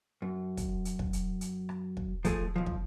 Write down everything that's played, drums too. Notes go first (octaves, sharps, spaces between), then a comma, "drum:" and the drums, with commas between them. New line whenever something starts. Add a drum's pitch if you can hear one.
F#2
drum: kick, hi-hat
drum: hi-hat
drum: kick
drum: hi-hat
drum: hi-hat
drum: rim click
drum: kick
F3 A3 G#4, drum: kick, hi-hat
B1 F3
drum: kick